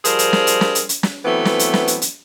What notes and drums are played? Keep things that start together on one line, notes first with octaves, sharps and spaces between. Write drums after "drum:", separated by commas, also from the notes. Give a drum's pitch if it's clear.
F3 G3 G#4 A#4 C5, drum: hi-hat
drum: hi-hat
drum: snare
drum: hi-hat
drum: snare
drum: hi-hat
drum: hi-hat
drum: snare
E3 F#3 A3 B3 C4
drum: snare
drum: hi-hat
drum: snare
drum: hi-hat
drum: hi-hat